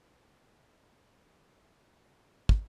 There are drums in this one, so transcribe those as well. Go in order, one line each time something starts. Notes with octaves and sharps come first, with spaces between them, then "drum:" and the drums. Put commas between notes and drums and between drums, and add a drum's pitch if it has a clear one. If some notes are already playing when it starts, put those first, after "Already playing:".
C#4
A1 B2 F#3 F4 B4
C2 F2 C3 E3 C4 D4
G#1 A3 F4 G#4
drum: kick